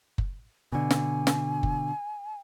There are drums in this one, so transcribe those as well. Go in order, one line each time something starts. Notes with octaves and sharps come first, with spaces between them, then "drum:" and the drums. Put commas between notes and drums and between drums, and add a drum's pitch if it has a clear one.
drum: kick F#1
B2 D3 G#5
drum: snare
drum: snare
drum: kick F#1